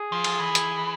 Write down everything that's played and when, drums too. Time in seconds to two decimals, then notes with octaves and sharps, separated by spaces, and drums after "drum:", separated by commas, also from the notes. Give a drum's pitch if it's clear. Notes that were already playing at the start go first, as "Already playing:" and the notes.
Already playing: G#4
0.12 F3
0.24 drum: cymbal
0.39 E3
0.55 drum: hi-hat